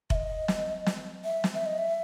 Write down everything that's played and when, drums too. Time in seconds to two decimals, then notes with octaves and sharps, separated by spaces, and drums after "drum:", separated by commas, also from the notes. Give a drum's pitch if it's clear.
0.10 E5, drum: kick F1
0.15 D#5
0.48 drum: snare
0.86 drum: snare
1.24 E5
1.44 drum: snare
1.54 E5
1.66 D#5
1.78 E5